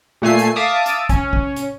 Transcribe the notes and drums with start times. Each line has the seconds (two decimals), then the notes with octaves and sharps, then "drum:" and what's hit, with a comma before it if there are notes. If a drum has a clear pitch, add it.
0.22 A#2 A3 G#5 C7
0.39 drum: hi-hat
0.56 E5 F5 A5 D6 D#6
0.86 drum: hi-hat
1.09 C#4, drum: kick, hi-hat
1.33 drum: kick
1.56 drum: hi-hat